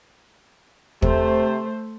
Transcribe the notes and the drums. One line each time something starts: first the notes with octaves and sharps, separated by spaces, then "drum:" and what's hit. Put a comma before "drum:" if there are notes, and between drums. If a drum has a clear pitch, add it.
C3 A3 C5, drum: kick